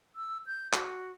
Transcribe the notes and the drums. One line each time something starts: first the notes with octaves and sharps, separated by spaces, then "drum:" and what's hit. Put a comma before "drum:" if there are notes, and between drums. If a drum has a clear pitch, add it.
E6
G6
F#4, drum: clap